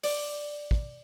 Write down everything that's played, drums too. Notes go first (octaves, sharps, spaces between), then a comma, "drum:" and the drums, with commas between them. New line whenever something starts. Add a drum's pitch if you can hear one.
D5, drum: open hi-hat
drum: kick